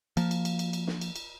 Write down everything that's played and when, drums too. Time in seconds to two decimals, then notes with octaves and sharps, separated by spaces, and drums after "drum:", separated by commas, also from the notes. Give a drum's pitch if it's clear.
0.17 F3 A#3, drum: cymbal
0.31 drum: cymbal
0.45 drum: cymbal
0.59 drum: cymbal
0.73 drum: cymbal
0.87 drum: snare
1.01 drum: cymbal
1.16 drum: cymbal